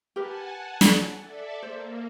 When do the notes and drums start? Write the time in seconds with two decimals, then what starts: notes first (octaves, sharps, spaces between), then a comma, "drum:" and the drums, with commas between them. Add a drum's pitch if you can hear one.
0.16 G4 A#4 B4 F#5 G#5 A5
0.81 drum: snare
1.19 A4 D5 E5
1.63 A#3 C5